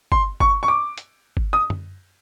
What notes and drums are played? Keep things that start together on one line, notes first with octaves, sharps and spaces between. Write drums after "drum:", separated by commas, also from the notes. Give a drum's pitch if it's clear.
C6, drum: kick G1
C#6, drum: kick G1
C#6
D6
drum: hi-hat
drum: kick G1
D#6
drum: tom F#2